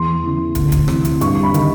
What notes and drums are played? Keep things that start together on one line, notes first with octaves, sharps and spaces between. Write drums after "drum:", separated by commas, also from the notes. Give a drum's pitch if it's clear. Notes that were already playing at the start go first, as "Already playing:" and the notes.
Already playing: E2 C6
C#3 E3
D2, drum: kick, hi-hat
drum: kick, hi-hat
C3 E3, drum: rim click
drum: hi-hat
G2 C#6, drum: hi-hat
B5
D#3, drum: hi-hat